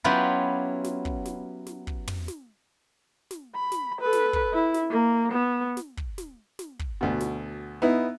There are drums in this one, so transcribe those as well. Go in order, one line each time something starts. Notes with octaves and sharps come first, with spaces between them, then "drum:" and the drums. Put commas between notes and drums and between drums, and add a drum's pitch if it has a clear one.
F#3 B3 C#4 E4 F4 G4
drum: snare
drum: kick
drum: snare
drum: snare
drum: kick
drum: tom
drum: snare
drum: snare
B5
drum: snare
A4 B4
drum: snare
drum: kick
E4
drum: snare
A#3
B3
drum: snare
drum: kick
drum: snare
drum: snare
drum: kick
D2 B2
drum: snare
B3 D#4 E4